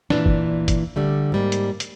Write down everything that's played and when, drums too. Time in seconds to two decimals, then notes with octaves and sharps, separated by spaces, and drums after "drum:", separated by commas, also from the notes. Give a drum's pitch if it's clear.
0.10 A#2 E3 D4, drum: snare
0.26 drum: kick G1
0.68 drum: kick G1, hi-hat
0.96 D3 G3 A3
1.32 G#2 G3 A#3
1.52 drum: hi-hat
1.80 drum: hi-hat